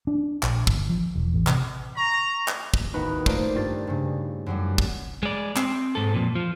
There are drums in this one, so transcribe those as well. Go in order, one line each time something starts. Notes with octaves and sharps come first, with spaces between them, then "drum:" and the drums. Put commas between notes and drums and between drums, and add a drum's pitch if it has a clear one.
D4
A#1, drum: clap
G1, drum: kick
F3
E1
A1
C3, drum: clap
A#5 C#6
drum: clap
drum: kick
D#2 A2 B3 D#4 F#4 B4
A3 A#3 D#4 F4 C5 D5, drum: kick
G2 F4 A6
G2 C#3
F#2 F#3 G3
drum: kick
G#3 D5
C4, drum: clap
G#2 A4
F2 A#2
F3